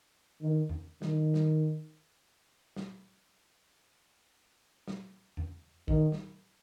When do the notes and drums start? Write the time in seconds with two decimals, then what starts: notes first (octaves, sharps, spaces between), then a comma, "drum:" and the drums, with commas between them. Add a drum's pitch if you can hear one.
0.41 D#3
0.69 drum: tom E2
1.02 D#3, drum: snare
1.34 drum: snare
2.76 drum: snare
4.88 drum: snare
5.37 drum: tom E2
5.88 D#3, drum: kick
6.12 drum: snare